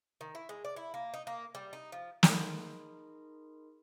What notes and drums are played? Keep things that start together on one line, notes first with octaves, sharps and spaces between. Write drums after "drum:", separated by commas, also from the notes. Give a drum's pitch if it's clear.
D#3
E4
G#3
D5
E4
A#3
D#4
A#3
G3
D#4
F3
D#4 G#4 A#4 D#5 B5 C6, drum: snare